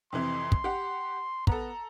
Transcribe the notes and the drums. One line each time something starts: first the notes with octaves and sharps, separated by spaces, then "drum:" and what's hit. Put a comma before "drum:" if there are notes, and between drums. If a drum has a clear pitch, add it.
F2 C3 E3 C6
drum: kick
G4 F#5
B3 A4 A#5, drum: kick